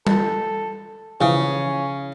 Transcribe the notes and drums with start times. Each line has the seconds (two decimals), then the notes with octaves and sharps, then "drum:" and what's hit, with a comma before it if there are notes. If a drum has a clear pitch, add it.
0.07 A4, drum: tom G3
1.21 C#3 E3 F3 C#4